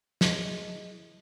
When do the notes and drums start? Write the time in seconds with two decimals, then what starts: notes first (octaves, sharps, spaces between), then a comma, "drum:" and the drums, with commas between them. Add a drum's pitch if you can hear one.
0.21 F#3 E4 G#4 D#5, drum: snare